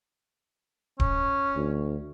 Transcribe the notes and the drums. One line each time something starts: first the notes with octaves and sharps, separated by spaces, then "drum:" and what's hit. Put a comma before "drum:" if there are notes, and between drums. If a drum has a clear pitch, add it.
C#4, drum: kick D1
D2